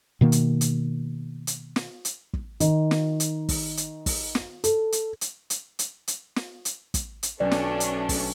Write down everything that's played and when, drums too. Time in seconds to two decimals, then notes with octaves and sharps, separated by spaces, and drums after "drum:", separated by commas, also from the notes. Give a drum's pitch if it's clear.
0.21 B2 D#3 A#3
0.32 drum: hi-hat
0.61 drum: hi-hat
1.47 drum: hi-hat
1.76 drum: snare
2.05 drum: hi-hat
2.33 drum: kick
2.60 D#3, drum: hi-hat
2.91 drum: snare
3.20 drum: hi-hat
3.49 drum: kick, open hi-hat
3.77 drum: hi-hat
4.06 drum: kick, open hi-hat
4.35 drum: snare
4.64 A4, drum: hi-hat
4.92 drum: hi-hat
5.21 drum: hi-hat
5.50 drum: hi-hat
5.79 drum: hi-hat
6.08 drum: hi-hat
6.36 drum: snare
6.65 drum: hi-hat
6.94 drum: kick, hi-hat
7.23 drum: hi-hat
7.40 B1 A3 C#4 D4 D5
7.51 drum: snare
7.80 drum: hi-hat
8.09 drum: kick, open hi-hat